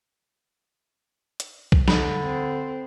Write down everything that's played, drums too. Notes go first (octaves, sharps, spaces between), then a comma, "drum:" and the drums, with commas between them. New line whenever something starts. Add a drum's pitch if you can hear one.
drum: hi-hat
drum: kick C2
D3 D#5 B5, drum: snare
C4